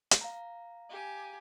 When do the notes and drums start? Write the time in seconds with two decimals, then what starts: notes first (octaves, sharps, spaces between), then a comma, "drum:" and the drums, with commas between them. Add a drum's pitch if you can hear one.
0.11 drum: hi-hat
0.21 F5 A#5
0.90 G4 G#5